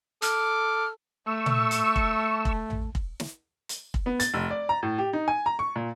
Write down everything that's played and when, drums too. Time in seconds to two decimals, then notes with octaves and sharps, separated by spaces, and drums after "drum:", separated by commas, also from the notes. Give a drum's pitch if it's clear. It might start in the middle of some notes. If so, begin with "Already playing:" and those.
0.22 A4 D6 F6, drum: hi-hat
1.27 A3 C#6 E6
1.46 drum: tom A#2
1.71 drum: hi-hat
1.96 drum: kick
2.45 drum: kick
2.70 drum: tom A1
2.95 drum: kick
3.20 drum: snare
3.69 drum: hi-hat
3.94 drum: kick
4.06 B3
4.20 A6, drum: hi-hat
4.34 F1
4.51 D5
4.69 A#5
4.83 A2
4.98 G4
5.13 D#4
5.28 G#5
5.46 A#5
5.59 C#6
5.76 A#2